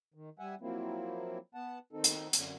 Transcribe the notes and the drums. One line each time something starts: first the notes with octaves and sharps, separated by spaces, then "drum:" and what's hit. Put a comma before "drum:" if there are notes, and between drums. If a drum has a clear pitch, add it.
D#3
G3 E5 F#5 G#5
F3 F#3 A#3 C4 E4
B3 F#5 A5
D#3 C4 D#4 A4
drum: hi-hat
F#2 D3, drum: hi-hat